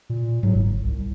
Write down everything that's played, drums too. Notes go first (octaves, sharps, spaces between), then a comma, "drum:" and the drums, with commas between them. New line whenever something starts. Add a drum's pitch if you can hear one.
A#2
F#3, drum: tom G2
G1
C2